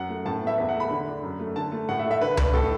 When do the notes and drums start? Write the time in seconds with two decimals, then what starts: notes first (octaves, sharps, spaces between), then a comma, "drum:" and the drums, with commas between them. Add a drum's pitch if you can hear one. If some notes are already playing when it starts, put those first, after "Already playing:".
Already playing: F#2 F#5
0.09 A3
0.26 A2 A5
0.42 B3
0.47 E5
0.58 E2 E5
0.69 F#5
0.75 A3
0.80 B5
0.91 D3
1.07 D4
1.23 F#2
1.39 A3
1.56 D3 A5
1.72 A3
1.89 A2 F#5
1.99 E5
2.05 A3
2.11 E5
2.21 D3 B4
2.37 D4 B4, drum: tom C#2
2.53 A2 A4